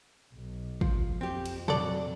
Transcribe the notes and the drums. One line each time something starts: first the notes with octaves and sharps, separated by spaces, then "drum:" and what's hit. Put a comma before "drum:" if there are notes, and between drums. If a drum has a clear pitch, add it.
B1
F3, drum: kick
F2 C4 G4
drum: cymbal
F#3 A4 D5, drum: tom